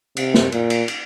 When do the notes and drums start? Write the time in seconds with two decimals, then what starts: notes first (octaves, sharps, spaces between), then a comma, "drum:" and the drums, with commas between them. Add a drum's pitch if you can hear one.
0.17 C3, drum: cymbal
0.34 drum: snare
0.52 A#2, drum: cymbal
0.70 drum: cymbal
0.88 drum: cymbal